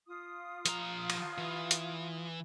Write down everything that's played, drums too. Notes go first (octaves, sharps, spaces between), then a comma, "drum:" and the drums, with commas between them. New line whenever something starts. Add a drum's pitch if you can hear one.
F4 D#6
F3 A#5, drum: hi-hat
drum: cymbal
E3
drum: hi-hat